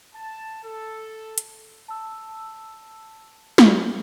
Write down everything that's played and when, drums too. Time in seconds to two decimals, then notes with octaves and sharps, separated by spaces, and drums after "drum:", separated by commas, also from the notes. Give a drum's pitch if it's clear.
0.15 A5
0.64 A4
1.38 drum: hi-hat
1.88 A5 E6
3.58 drum: snare